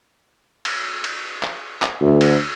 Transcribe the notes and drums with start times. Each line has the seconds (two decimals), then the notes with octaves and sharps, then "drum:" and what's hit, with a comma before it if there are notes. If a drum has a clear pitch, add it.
0.65 drum: cymbal
1.04 drum: cymbal
1.43 drum: clap
1.82 drum: clap
2.01 D2
2.21 drum: cymbal